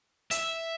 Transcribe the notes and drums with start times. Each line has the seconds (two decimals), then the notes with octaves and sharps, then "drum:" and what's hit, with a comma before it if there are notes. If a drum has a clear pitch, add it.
0.31 E5, drum: hi-hat